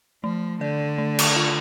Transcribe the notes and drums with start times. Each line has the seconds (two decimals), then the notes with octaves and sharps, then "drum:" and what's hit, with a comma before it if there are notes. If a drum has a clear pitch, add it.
0.23 F3 A3
0.61 D3 D5
0.98 A3
1.19 drum: cymbal
1.36 F4